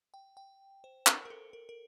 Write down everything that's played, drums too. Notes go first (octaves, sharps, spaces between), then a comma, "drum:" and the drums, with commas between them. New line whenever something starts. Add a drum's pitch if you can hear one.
G5
G5
C5
A#4, drum: clap
A#4
A4
A#4
A#4